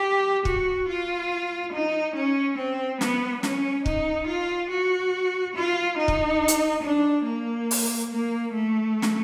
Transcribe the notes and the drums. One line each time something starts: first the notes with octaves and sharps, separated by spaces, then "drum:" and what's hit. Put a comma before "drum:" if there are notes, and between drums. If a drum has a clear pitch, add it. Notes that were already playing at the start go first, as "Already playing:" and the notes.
Already playing: G4
F#4, drum: kick
F4
D#4
C#4
C4
B3, drum: snare
C#4, drum: snare
D#4, drum: kick
F4
F#4
F4
D#4
drum: kick
drum: hi-hat
D4
A#3
drum: open hi-hat
A#3
A3
drum: snare